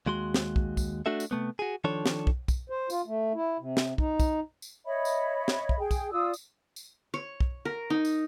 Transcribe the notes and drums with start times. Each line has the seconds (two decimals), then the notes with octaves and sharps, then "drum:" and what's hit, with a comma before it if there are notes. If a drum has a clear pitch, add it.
0.06 D#2 G#3 F#4 C6
0.34 drum: snare
0.56 drum: kick
0.77 drum: kick, tambourine
1.06 A3 D4 F#4 A4 E5
1.20 drum: tambourine
1.31 C3 A3 B3
1.59 F#4 G#4
1.84 D#3 F3 D4 A4 C#5
2.06 drum: snare
2.27 drum: kick
2.48 drum: kick, tambourine
2.70 C5
2.90 F4, drum: tambourine
3.07 A3
3.35 E4
3.60 C3
3.77 drum: snare
3.98 D#4, drum: kick
4.20 drum: kick, tambourine
4.62 drum: tambourine
4.86 C#5 D#5 E5 B5
5.05 drum: tambourine
5.48 drum: snare
5.69 drum: kick
5.78 G#4 G5
5.91 drum: kick, tambourine
6.13 F4 D5 D#6 E6
6.34 drum: tambourine
6.76 drum: tambourine
7.14 C#5
7.40 drum: kick
7.65 A#4
7.90 D#4
8.05 drum: tambourine